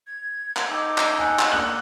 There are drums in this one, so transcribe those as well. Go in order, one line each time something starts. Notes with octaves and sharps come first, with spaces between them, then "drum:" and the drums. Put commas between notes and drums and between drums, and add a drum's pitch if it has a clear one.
G#6
drum: clap
D#4 A4 G5 D6
drum: clap
F#5 G#5
drum: clap
A#3 D4 F#6 F#7